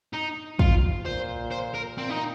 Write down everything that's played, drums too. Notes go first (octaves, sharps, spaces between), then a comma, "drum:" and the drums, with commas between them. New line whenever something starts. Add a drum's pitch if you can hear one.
D#4
F4, drum: kick
A#2 C5
C5
A#4
A#2 C4
D#4